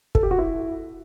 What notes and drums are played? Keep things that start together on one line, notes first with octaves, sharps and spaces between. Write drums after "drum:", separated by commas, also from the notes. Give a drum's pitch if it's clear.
A4, drum: kick
G4
F#4
E4